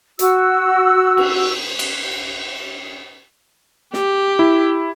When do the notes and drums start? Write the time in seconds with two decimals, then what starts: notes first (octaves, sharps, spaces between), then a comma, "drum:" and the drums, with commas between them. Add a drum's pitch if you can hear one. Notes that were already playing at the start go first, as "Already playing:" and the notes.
0.19 F#4 E6, drum: hi-hat
1.17 drum: cymbal
1.79 drum: cymbal
3.94 G4, drum: snare
4.39 E4